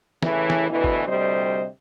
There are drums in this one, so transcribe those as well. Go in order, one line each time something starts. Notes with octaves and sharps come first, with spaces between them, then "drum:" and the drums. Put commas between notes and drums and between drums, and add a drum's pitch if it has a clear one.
A2 C#3 E3, drum: snare
drum: snare
D2 B2 E3
drum: kick
D2 C3 G3 C5 D#5